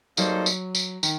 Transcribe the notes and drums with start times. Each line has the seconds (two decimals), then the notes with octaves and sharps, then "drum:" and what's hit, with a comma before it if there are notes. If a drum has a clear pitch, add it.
0.17 F#3 G3 A#3 D#4 A4 C5, drum: tambourine
0.46 drum: tambourine
0.75 drum: tambourine
1.03 D#3, drum: tambourine